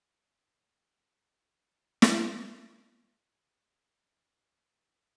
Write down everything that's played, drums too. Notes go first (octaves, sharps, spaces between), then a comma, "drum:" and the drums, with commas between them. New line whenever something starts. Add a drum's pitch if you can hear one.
B3
A2
D#3
A4
A3
drum: snare
G#4 B4 C#5